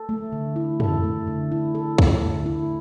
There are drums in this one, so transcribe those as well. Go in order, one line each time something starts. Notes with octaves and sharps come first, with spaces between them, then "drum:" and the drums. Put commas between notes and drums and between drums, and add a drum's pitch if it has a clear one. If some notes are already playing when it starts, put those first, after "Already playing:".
Already playing: A4
A3
D3
E4
A4, drum: tom
A3
D3
E4
A4
A3, drum: kick
D3
E4